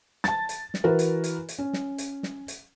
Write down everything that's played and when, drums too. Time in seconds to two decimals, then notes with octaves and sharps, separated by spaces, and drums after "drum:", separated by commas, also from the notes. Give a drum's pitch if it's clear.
0.24 A5 A6, drum: snare
0.49 drum: hi-hat
0.74 drum: snare
0.84 E3 E4 F#4 A#4 B4
0.99 drum: hi-hat
1.24 drum: hi-hat
1.49 drum: hi-hat
1.59 C#4
1.73 drum: snare
1.98 drum: hi-hat
2.23 drum: snare
2.48 drum: hi-hat